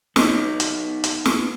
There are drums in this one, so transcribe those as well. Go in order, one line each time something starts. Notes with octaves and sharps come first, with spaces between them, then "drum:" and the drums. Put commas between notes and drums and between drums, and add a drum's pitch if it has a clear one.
B3 D#4, drum: snare
drum: hi-hat
drum: hi-hat
drum: snare